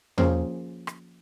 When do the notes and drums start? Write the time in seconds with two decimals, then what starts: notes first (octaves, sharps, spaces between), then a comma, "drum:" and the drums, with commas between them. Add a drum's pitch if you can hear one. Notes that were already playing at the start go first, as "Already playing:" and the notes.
0.18 F3 A#3 C#4 G#4 C5, drum: tom E2
0.87 drum: rim click